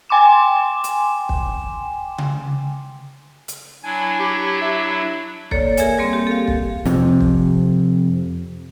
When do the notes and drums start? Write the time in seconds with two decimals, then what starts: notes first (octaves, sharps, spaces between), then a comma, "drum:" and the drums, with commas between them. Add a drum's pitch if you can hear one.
0.09 G5 G#5 C6 D6 E7
0.84 drum: hi-hat
1.29 drum: kick
2.18 drum: tom C#3
3.48 drum: hi-hat
3.84 F#3 D4 E4 G#5
4.20 G4
4.62 E5
5.51 A#3 A4 C#5 D5, drum: kick
5.77 G#4 A#4 E5 G#5, drum: hi-hat
5.99 G3 A#3 C4
6.13 G4
6.27 A4 F5
6.48 drum: kick
6.86 F2 C3, drum: snare
7.21 drum: kick